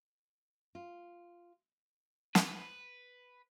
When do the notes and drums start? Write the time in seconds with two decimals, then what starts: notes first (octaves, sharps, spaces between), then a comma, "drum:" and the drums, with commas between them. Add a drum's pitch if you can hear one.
0.75 F4
2.35 B4, drum: snare